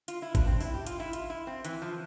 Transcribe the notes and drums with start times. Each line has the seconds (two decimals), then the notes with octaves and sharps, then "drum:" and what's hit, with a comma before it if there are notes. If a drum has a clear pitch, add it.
0.08 F4, drum: hi-hat
0.22 E4
0.35 D4, drum: kick, hi-hat
0.47 C4
0.60 E4, drum: open hi-hat
0.74 G4
0.87 F4, drum: hi-hat
1.00 E4
1.13 F4, drum: hi-hat
1.30 E4
1.47 C4
1.64 E3, drum: hi-hat
1.82 F3